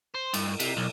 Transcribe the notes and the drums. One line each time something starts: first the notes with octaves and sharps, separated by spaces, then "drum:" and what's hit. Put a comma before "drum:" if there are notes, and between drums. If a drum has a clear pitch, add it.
C5
G2, drum: cymbal
C3, drum: cymbal
B1